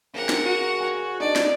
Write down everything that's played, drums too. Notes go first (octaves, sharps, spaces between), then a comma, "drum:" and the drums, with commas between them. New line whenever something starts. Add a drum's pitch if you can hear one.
C#3 G4 A#4 F#5
drum: snare
F#4
G#5
D4 D#4 D5
drum: snare